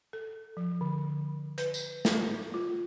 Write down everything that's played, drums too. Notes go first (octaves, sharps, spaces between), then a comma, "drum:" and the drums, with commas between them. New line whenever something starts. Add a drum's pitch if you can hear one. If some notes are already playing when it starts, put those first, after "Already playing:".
A4
F3
D3
B4, drum: hi-hat
drum: tambourine
drum: snare
F4